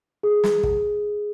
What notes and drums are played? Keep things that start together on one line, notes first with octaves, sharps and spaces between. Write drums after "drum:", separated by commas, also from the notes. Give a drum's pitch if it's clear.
G#4
drum: snare
drum: kick